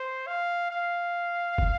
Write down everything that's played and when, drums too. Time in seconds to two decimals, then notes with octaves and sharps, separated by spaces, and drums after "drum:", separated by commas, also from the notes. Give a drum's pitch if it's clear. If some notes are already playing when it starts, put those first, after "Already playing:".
Already playing: C5
0.27 F5
0.70 F5
1.58 drum: kick